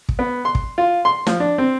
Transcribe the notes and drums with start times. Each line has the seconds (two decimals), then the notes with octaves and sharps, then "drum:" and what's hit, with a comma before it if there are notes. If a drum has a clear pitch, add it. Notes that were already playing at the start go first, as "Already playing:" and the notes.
0.09 drum: kick
0.19 B3
0.45 C6
0.55 drum: kick
0.78 F4
1.05 C6
1.27 F3, drum: snare
1.40 D4
1.58 C4